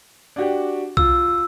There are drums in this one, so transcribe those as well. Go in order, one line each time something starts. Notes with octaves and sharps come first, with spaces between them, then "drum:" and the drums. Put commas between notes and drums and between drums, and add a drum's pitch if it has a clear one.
D4 F#4 G4
F4 E6, drum: kick B1